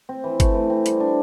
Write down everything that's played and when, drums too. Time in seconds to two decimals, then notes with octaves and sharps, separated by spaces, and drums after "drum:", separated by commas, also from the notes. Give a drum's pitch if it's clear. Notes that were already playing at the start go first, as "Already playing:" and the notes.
0.09 C4
0.24 E3
0.40 A3, drum: kick, hi-hat
0.54 E3
0.70 C4
0.86 G3, drum: hi-hat
1.00 D4